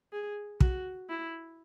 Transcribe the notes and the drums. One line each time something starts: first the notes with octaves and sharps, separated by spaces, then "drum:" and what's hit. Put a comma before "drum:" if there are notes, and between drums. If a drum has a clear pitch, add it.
G#4
F#4, drum: kick
E4